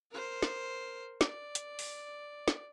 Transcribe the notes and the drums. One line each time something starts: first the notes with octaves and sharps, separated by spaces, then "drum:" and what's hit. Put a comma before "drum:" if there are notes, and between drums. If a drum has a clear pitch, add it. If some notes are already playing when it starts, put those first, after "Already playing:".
A#4 C5
drum: snare
D5, drum: snare
drum: hi-hat
drum: open hi-hat
drum: snare